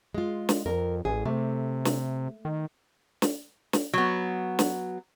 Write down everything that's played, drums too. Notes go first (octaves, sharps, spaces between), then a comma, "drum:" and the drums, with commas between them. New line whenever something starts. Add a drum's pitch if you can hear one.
G#3 F4
drum: snare
F2 A#4
A1 G#4
C3 A3
drum: snare
D#3
drum: snare
drum: snare
F#3 B3
drum: snare